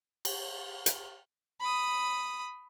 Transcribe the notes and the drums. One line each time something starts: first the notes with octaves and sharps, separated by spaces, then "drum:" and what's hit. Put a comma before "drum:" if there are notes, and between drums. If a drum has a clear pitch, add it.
drum: cymbal
drum: hi-hat
B5 D#6